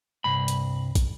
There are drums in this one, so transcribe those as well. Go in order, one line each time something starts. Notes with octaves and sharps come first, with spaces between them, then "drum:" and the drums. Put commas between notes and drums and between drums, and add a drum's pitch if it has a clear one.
C2 G2 B5
drum: hi-hat
drum: kick, hi-hat